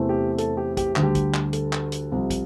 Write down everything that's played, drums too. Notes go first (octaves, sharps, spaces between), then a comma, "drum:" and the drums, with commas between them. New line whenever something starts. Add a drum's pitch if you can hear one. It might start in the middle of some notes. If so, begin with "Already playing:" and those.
Already playing: E2 C3 E3 A3 C4
G4
A4, drum: hi-hat
G4
G4, drum: kick, hi-hat
D2 D3 G3, drum: clap
G4
drum: kick, hi-hat
drum: clap
A4, drum: hi-hat
drum: clap
drum: hi-hat
C2 C3 F3
drum: kick, hi-hat